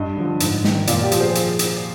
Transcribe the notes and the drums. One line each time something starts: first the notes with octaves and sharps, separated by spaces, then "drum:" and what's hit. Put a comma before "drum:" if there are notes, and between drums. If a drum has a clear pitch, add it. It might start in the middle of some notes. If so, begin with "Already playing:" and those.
Already playing: G2 D#5
D3 F3
G#2, drum: hi-hat
D#3, drum: snare
A#2 D5 F5, drum: hi-hat
G4
F3, drum: hi-hat
G#4 C5
drum: hi-hat
drum: hi-hat